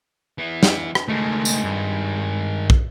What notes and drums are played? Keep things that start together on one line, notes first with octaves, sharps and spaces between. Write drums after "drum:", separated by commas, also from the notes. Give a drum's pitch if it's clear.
E3 B3
drum: snare
drum: rim click
C#2 D#3 G#3 A3
drum: tambourine
G2
drum: kick